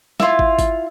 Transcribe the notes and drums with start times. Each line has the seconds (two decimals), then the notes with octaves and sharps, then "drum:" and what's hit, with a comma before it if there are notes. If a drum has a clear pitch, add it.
0.20 E4 F4, drum: snare
0.39 drum: kick
0.59 drum: kick, tambourine